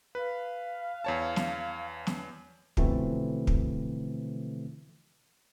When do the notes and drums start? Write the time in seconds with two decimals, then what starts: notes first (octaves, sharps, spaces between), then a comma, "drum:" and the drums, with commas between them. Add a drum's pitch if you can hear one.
0.15 B4 F5
1.04 E2 C#5 A5
1.36 drum: snare
2.07 drum: snare
2.77 B2 D3 E3 F3 A3 C4, drum: kick
3.47 drum: kick